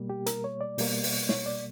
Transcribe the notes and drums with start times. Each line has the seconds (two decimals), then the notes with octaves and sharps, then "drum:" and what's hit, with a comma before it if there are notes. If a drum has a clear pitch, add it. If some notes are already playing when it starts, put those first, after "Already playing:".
Already playing: B2 G3 A#3
0.10 G4
0.26 A#4, drum: hi-hat
0.44 C#5
0.61 D5
0.78 B2 G3 A#3, drum: open hi-hat
1.03 drum: open hi-hat
1.29 C#5, drum: snare
1.46 D5